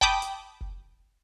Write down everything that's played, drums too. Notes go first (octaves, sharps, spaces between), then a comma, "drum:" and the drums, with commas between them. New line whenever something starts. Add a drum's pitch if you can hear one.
G5 A5 B5 D6 D#6 G6, drum: kick F1
drum: hi-hat
drum: kick F1